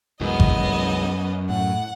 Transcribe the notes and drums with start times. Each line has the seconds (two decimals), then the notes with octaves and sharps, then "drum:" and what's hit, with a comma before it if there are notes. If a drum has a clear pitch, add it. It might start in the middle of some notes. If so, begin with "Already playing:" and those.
0.21 C2 F#2 E3 G#3 B3 D#5
0.40 drum: kick G#1
1.50 A2 F#5